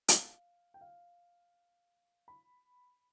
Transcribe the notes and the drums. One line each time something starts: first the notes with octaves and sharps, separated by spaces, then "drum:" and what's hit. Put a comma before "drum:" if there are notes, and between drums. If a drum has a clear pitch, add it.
F5, drum: hi-hat
G5
F5
B5